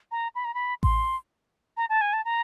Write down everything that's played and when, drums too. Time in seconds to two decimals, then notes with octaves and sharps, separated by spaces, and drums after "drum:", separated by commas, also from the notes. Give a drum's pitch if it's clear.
0.12 A#5
0.35 B5
0.45 A#5
0.54 B5
0.83 C6, drum: kick A1
1.77 A#5
1.89 A5
2.01 G#5
2.13 A5
2.25 A#5